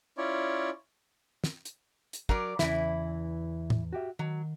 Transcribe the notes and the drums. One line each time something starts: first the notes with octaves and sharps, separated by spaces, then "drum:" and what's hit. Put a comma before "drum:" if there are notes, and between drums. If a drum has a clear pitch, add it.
C#4 E4 F4 C#5 D5
drum: snare
drum: hi-hat
drum: hi-hat
F#3 A#4 D5, drum: kick
E2 C#3 E3 E4, drum: snare
drum: tom A2
F#4 G4 E5
D#3 F#3